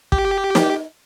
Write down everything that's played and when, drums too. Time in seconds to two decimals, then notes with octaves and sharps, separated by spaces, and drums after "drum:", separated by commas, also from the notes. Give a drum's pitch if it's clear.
0.12 G4, drum: kick
0.55 drum: snare